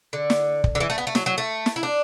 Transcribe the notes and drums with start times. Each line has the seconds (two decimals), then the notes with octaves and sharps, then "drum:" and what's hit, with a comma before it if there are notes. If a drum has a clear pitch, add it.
0.13 D3
0.30 drum: snare
0.64 drum: kick
0.75 D3
0.80 E3
0.90 A3
0.98 B3
1.07 A3
1.15 F#3, drum: snare
1.26 F#3
1.38 A3
1.66 drum: snare
1.76 E4
1.83 D4